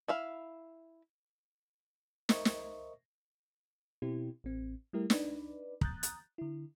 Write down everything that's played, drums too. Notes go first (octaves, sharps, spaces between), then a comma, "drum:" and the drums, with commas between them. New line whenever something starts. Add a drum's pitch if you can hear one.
E4 E5 F5
A#4 C5 D#5 E5 C#6, drum: snare
drum: snare
B2 C4 E4 G4
A1 C4
G3 A3 E4 G4 A#4
D4 D#4 B4 D5, drum: snare
A#5 D#6 F#6 G6 A6, drum: kick
drum: hi-hat
D3 E4